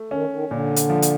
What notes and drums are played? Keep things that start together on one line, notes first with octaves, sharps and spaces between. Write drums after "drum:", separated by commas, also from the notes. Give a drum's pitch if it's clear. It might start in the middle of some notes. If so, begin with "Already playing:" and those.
Already playing: A3
D#3 C#4
D#3
A#2 D3
drum: hi-hat
F3
drum: hi-hat